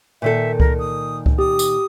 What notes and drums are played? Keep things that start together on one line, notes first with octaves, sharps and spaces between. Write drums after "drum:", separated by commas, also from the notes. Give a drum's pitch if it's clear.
A#2 D#3 A4 E5
A#4, drum: kick C#2
D#6
drum: kick C#2
G4 D#6
drum: tambourine